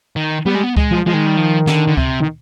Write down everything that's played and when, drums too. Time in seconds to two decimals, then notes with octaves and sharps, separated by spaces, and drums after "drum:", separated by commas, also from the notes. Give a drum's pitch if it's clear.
0.16 D#3
0.46 G3 B3
0.55 G#3
0.63 B3
0.77 G#3, drum: kick C#2
0.91 F3
1.06 F3 G#3
1.14 D#3
1.26 G3
1.37 F3
1.67 D3, drum: snare
1.88 D3
1.97 C3, drum: kick C#2
2.20 D#3